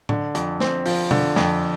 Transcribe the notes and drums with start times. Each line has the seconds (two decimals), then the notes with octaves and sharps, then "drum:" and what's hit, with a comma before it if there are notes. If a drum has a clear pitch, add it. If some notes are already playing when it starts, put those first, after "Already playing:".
0.09 D3, drum: tom A2
0.35 F2, drum: hi-hat
0.60 C4, drum: snare
0.86 F3, drum: open hi-hat
1.11 D3, drum: tom B2
1.36 F2, drum: snare